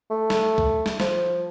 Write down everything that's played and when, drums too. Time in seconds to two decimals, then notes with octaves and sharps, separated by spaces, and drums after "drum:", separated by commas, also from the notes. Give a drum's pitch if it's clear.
0.10 A3
0.30 drum: snare
0.58 drum: kick C2
0.86 drum: snare
1.00 F3, drum: snare